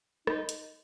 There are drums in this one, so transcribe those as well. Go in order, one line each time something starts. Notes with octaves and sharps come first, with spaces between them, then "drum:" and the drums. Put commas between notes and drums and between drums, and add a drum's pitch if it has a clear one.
D#4, drum: rim click
drum: hi-hat